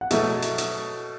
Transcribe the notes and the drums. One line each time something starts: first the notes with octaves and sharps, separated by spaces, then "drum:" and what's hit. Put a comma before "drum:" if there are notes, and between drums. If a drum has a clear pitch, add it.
F#5
B2 F#3 A3 E5, drum: hi-hat
drum: hi-hat
drum: hi-hat